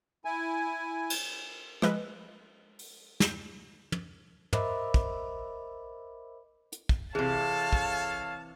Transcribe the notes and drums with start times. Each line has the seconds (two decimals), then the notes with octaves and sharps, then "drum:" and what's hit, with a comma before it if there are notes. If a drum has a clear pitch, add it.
0.25 E4 G#5
1.10 drum: cymbal
1.82 F3 G#3 B4 D#5 E6 F#6, drum: rim click
2.79 drum: open hi-hat
3.20 G6, drum: snare
3.92 drum: tom
4.53 A#4 C5 D#5 E5 B5 D6, drum: tom
4.94 drum: kick
6.73 drum: hi-hat
6.89 drum: kick
7.15 C3 E3 G#4 A4 C#5 F5 A5
7.73 drum: kick